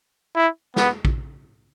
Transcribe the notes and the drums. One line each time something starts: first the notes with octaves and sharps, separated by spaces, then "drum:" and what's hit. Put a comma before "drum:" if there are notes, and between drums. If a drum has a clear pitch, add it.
E4
B3, drum: snare
drum: kick